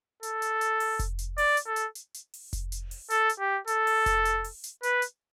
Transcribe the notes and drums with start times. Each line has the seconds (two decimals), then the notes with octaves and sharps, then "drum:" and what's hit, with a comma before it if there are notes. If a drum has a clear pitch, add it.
0.23 A4, drum: hi-hat
0.42 drum: hi-hat
0.61 drum: hi-hat
0.80 drum: open hi-hat
0.99 drum: kick F1, hi-hat
1.19 drum: hi-hat
1.38 D5, drum: open hi-hat
1.57 drum: hi-hat
1.67 A4
1.76 drum: hi-hat
1.95 drum: hi-hat
2.14 drum: hi-hat
2.34 drum: open hi-hat
2.53 drum: kick F1, hi-hat
2.72 drum: hi-hat
2.91 drum: open hi-hat
3.10 A4, drum: hi-hat
3.29 drum: hi-hat
3.40 G4
3.67 A4, drum: hi-hat
3.87 drum: open hi-hat
4.06 drum: kick F1, hi-hat
4.25 drum: hi-hat
4.44 drum: open hi-hat
4.64 drum: hi-hat
4.83 B4, drum: hi-hat
5.02 drum: hi-hat